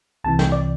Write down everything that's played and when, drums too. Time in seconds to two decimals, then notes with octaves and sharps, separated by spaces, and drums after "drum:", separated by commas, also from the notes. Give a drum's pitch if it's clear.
0.24 C2 C3 E3 A5
0.39 G5, drum: snare
0.52 D5